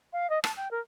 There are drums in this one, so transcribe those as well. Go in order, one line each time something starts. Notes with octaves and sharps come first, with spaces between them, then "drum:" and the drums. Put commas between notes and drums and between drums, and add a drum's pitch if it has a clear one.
F5
D#5
A5, drum: rim click
G5
A#4